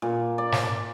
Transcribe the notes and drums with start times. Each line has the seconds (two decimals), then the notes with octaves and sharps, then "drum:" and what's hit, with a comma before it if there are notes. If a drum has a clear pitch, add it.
0.02 A#2
0.38 D5
0.52 drum: snare
0.63 D5